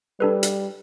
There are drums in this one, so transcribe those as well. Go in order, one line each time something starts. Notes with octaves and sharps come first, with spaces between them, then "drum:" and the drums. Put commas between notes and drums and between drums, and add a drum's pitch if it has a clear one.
G3 D4 A4 B4
drum: hi-hat